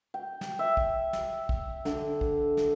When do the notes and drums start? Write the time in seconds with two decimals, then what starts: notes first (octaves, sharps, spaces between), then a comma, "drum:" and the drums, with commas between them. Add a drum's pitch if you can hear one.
0.14 G5
0.41 drum: snare
0.59 E5
0.77 drum: kick
1.13 drum: snare
1.49 drum: kick
1.85 D3, drum: snare
2.21 drum: kick
2.57 drum: snare